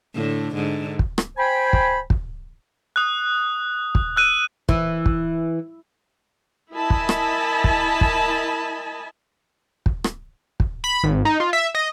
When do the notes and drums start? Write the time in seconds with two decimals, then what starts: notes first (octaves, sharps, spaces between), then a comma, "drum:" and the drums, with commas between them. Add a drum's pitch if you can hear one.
0.15 A2 D3
0.55 G#2 D3
0.99 drum: kick
1.18 drum: rim click
1.38 C5 G5 G#5 B5
1.73 drum: kick
2.10 drum: kick
2.96 D#6 F#6
3.95 drum: kick
4.16 E6 F#6 D#7
4.69 E3, drum: kick
5.06 drum: kick
6.73 E4 A#4 D#5 G#5 A5 B5
6.90 drum: kick
7.09 drum: rim click
7.64 drum: kick
8.01 drum: kick
9.86 drum: kick
10.04 drum: rim click
10.60 drum: kick
10.84 B5
11.03 G#1
11.25 D#4
11.40 F4
11.53 E5
11.75 D#5